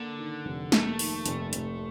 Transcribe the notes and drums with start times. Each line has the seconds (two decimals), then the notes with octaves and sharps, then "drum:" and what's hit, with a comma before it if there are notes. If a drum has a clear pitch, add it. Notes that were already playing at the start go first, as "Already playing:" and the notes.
Already playing: D3 A#3
0.18 D#3
0.46 F1
0.72 A3 A#3, drum: snare
0.99 D#3, drum: open hi-hat
1.26 F1, drum: hi-hat
1.53 F1, drum: hi-hat